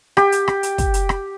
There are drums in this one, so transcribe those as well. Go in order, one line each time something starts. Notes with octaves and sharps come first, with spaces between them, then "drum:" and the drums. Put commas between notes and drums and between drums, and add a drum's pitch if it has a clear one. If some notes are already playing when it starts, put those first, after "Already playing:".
G4, drum: rim click
drum: hi-hat
drum: rim click
drum: hi-hat
drum: kick, hi-hat
drum: hi-hat
drum: rim click